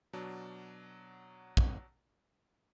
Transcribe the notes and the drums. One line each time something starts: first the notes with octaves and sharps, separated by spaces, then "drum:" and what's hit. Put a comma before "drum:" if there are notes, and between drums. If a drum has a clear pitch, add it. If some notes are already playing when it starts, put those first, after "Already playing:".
B2 F#3 D4 A5
drum: kick